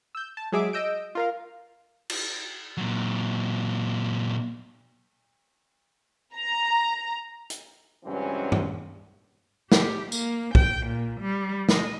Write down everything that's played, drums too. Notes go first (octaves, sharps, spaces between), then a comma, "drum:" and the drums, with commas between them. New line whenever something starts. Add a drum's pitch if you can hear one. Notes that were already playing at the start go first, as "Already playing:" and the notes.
E6 G6
A5
F#3 G#3 G#4 E5 D6 D7
D#5 E6 G6 D7
F4 A#4 F5
drum: cymbal
A#2 F#3
A#5
drum: hi-hat
C#2 G2 E3 F#3 C4 C#4
drum: tom G2
G4, drum: snare
A#3, drum: tambourine
G5, drum: kick
A#2
G3
D#5, drum: snare